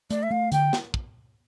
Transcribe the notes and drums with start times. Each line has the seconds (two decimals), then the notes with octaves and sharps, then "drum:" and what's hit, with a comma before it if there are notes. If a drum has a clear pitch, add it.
0.10 A3 D5, drum: hi-hat
0.23 E5
0.31 A3 F5
0.52 D3 G5, drum: hi-hat
0.73 drum: snare
0.94 drum: kick